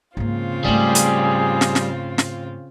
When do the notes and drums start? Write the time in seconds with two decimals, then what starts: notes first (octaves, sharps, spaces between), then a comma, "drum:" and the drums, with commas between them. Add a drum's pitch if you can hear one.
0.17 G#2 C#3 A#3 C4 F4
0.65 G#2 G3 A3 G#4
0.95 drum: hi-hat
1.61 drum: snare
1.75 drum: snare
2.18 drum: snare